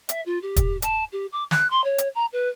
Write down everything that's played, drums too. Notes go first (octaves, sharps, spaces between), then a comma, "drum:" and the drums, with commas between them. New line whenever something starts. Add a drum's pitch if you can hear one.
E5, drum: hi-hat
F4
G4
drum: kick, hi-hat
A5, drum: hi-hat
G4
D6
F#6, drum: snare
C6
C#5
drum: hi-hat
A#5
B4